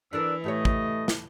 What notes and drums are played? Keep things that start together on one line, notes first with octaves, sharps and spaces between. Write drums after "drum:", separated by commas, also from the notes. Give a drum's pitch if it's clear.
E3 D4 A4 A#4 E6
A2 A3 G4 C#5 D#5
drum: kick
drum: snare